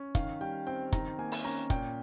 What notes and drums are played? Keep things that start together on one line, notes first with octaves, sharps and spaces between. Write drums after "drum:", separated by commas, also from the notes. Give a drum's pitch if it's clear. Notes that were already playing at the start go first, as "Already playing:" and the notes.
Already playing: C#4
D#3 F5, drum: kick, hi-hat
G3 G5
C4 G5
D#3 A#5, drum: kick, hi-hat
A#3 G#5
drum: open hi-hat
C#4 A#5
A#2 G5, drum: kick, hi-hat